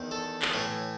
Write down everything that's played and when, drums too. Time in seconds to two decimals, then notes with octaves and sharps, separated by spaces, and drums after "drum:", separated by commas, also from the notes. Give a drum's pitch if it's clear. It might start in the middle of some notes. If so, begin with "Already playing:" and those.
Already playing: E2 D#3
0.11 A4
0.42 drum: clap
0.53 A2 E3 C#5